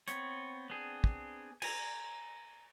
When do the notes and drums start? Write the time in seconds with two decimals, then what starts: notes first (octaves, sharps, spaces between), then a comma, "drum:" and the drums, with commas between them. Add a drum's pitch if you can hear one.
0.08 B3 C4 C#5, drum: hi-hat
0.70 B3 C4 D4 G#4
1.04 drum: kick
1.62 G#5 A#5, drum: cymbal